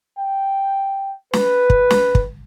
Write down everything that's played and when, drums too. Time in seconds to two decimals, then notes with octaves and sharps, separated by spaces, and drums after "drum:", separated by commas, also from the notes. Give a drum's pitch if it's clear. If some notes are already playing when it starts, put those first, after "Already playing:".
0.18 G5
1.33 B4, drum: snare
1.70 drum: kick
1.90 drum: snare
2.15 drum: kick